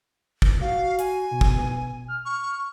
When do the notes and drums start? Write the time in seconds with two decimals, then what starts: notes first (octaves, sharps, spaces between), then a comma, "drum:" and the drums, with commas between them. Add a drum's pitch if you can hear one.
0.42 drum: kick
0.61 F#4 F5
0.99 G#5, drum: hi-hat
1.31 B2
1.41 drum: kick
2.08 F6
2.25 C#6